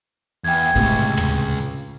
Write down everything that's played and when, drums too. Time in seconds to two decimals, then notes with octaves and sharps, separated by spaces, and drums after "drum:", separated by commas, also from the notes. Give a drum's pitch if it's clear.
0.44 E2 G5 G#6
0.75 C#2 A2 C3, drum: snare
1.17 drum: tom